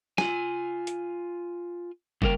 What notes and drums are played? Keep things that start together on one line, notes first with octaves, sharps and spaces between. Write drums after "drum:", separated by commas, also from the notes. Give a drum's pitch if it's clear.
F4 G#5, drum: snare
drum: hi-hat
C#3 G3 A#3 F4 A#4 G5, drum: kick